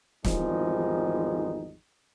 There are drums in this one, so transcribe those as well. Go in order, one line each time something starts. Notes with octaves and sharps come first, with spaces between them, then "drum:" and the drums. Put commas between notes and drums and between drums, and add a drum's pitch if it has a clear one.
G#1 E2 F3 G3 D#4 G#4, drum: snare